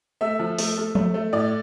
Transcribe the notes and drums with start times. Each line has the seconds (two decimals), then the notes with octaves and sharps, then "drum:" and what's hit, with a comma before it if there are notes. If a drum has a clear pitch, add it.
0.21 A3 E5
0.39 F3
0.59 A3, drum: open hi-hat
0.77 A3
0.95 A3, drum: tom F3
1.14 A3
1.33 A2 D5